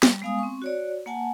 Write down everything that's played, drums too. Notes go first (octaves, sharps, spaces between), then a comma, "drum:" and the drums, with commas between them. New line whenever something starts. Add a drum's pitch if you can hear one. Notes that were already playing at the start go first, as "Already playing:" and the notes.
G3, drum: snare
G#3 B3 F5 G#5 D#6
C4 C#6
F#4 C#5 D5
A#3 F#5 G#5 A5